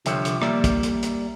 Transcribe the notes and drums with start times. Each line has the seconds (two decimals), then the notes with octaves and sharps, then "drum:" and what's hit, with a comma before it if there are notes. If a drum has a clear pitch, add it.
0.06 C2 D3 F3 G4 C#5 E5, drum: hi-hat
0.25 drum: hi-hat
0.42 G3 A#3 D5 E5, drum: rim click
0.64 drum: kick, hi-hat
0.83 drum: hi-hat
1.03 drum: hi-hat